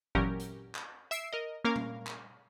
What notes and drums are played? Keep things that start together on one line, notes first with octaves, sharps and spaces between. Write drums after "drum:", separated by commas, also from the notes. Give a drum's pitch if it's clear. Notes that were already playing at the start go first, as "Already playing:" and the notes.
A#2 E3 F#3 C#4 G4 A#4, drum: kick G#1
drum: hi-hat
drum: clap
E5 E6 C7 D7
A#4 D#5
A#3 C#4 A#4 F5
drum: tom A#2
drum: clap